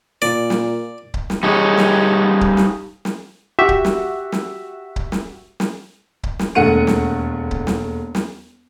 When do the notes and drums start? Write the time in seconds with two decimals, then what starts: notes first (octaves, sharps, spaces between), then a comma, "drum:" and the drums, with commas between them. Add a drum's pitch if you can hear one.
0.22 A#2 D5
0.50 drum: snare
1.14 drum: kick C#1
1.30 drum: snare
1.43 G3 D#4 G#4 C#5
1.78 drum: snare
2.41 drum: kick C#1
2.57 drum: snare
3.05 drum: snare
3.59 F#4 G4 E5
3.69 drum: kick C#1
3.85 drum: snare
4.32 drum: snare
4.96 drum: kick C#1
5.12 drum: snare
5.60 drum: snare
6.23 drum: kick C#1
6.39 drum: snare
6.55 E1 D#2 A3 F#5 C#7 D#7
6.87 drum: snare
7.51 drum: kick C#1
7.67 drum: snare
8.15 drum: snare